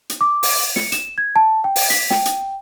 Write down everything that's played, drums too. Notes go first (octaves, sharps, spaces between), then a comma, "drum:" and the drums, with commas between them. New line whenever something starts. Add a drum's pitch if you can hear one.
drum: hi-hat
D6
drum: open hi-hat
C#7, drum: snare
E7, drum: hi-hat
G#6
A5
G5
drum: open hi-hat
B6, drum: hi-hat
G5, drum: snare
drum: hi-hat